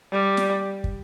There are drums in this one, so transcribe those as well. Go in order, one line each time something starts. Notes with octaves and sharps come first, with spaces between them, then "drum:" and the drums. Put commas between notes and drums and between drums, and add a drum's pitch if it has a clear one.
G3
drum: snare
drum: kick